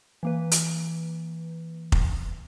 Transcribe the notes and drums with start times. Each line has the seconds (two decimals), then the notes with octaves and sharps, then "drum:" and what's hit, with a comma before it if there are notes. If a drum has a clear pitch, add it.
0.23 E3 A#3 B4
0.52 drum: hi-hat
1.92 drum: kick F1